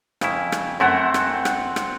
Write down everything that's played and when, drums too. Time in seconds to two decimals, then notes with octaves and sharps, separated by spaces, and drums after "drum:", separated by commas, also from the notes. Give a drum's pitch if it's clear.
0.21 F2 C#3 E4, drum: rim click
0.52 drum: rim click
0.80 F#2 A3 C4 E4 F#5
1.14 drum: rim click
1.45 drum: rim click
1.76 drum: rim click